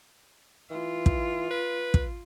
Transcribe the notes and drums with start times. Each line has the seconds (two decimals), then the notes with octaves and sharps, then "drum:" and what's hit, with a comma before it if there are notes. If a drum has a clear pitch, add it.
0.71 E3 F4
1.06 drum: kick
1.51 B4
1.94 drum: kick